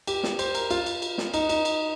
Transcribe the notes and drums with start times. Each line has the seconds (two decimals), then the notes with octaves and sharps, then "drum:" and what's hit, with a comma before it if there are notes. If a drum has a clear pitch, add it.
0.07 G4, drum: cymbal
0.23 drum: snare
0.39 C5, drum: cymbal
0.55 A#4, drum: cymbal
0.71 F4, drum: cymbal
0.86 drum: cymbal
1.02 drum: cymbal
1.18 drum: snare
1.34 D#4, drum: cymbal
1.49 D#4, drum: cymbal
1.65 drum: cymbal